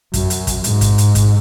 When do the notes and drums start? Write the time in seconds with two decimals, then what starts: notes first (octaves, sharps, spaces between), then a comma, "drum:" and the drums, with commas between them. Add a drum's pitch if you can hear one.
0.14 F#2, drum: kick, hi-hat
0.30 drum: hi-hat
0.47 drum: kick, hi-hat
0.64 G#2, drum: hi-hat
0.81 drum: kick, hi-hat
0.98 drum: hi-hat
1.15 drum: kick, hi-hat